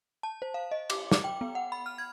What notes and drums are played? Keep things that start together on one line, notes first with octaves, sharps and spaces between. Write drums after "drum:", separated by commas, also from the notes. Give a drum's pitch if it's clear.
A5
C5
F5
D#5
D6, drum: cymbal
D6, drum: snare
G5
B3
F#5
B5
F6
G#6